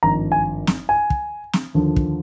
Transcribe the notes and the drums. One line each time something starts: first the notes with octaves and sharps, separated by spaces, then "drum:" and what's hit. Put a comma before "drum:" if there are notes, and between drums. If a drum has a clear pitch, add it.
G#1 G2 F3 A#5
G#5
drum: snare
G#5
drum: kick
drum: snare
D#2 D3 F3
drum: kick